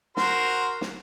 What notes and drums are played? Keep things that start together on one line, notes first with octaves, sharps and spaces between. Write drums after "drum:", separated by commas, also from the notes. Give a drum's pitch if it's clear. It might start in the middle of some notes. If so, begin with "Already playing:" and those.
F#4 A#4 C5, drum: snare
drum: snare